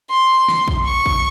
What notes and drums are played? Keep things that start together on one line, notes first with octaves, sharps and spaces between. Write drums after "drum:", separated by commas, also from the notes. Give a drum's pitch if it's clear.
C6
drum: snare
drum: kick
C#6
drum: kick